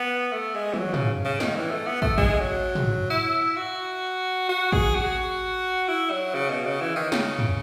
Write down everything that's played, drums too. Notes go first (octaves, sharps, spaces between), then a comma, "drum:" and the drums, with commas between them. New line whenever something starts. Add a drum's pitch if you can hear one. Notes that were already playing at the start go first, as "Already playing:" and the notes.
Already playing: B3
A3
G#3
E3, drum: tom
F#3
C#3, drum: tom
C#3
D#3, drum: snare
E3
A3
B3
A3, drum: kick
G#3, drum: kick
F#3
drum: tom
E4
F#4
F#4
G#4, drum: kick
F#4
E4
F#3
C#3
B2
C#3
E3
D#3
C#3, drum: snare
drum: tom